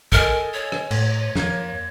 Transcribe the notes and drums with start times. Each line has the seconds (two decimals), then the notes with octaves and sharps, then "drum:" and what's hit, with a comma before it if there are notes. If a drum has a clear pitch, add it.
0.12 A4 A#4 D#5 G#5, drum: kick
0.53 C#5
0.72 drum: rim click
0.91 A2 G#6, drum: cymbal
1.35 F2 A#3 G#6, drum: snare